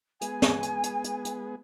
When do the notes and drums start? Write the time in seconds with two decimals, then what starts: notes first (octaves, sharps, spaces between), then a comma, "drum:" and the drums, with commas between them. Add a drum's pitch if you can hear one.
0.21 G#3 B3 G#4 G#5, drum: hi-hat
0.42 drum: snare
0.63 drum: hi-hat
0.83 drum: hi-hat
1.04 drum: hi-hat
1.25 drum: hi-hat